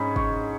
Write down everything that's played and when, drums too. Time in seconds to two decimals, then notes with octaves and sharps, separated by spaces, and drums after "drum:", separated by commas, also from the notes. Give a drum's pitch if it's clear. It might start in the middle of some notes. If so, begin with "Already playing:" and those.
Already playing: G#2 C#4 B5
0.16 C#6, drum: kick